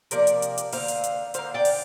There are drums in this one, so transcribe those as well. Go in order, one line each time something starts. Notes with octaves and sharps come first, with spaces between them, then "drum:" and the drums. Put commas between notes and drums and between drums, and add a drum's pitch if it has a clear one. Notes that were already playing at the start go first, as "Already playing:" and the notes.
C3 F3 A#3 A#4 D5, drum: hi-hat
drum: hi-hat
drum: hi-hat
drum: hi-hat
D3 A#3 C5 F5, drum: open hi-hat
drum: hi-hat
drum: hi-hat
D3 A#3 C5 F5, drum: hi-hat
D5 G5
drum: open hi-hat